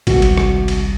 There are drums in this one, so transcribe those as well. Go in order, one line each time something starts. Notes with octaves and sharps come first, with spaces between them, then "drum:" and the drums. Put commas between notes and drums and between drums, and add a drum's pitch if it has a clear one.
G#1 C#2 C3 G3 F#4, drum: kick, cymbal
drum: cymbal
drum: rim click
drum: cymbal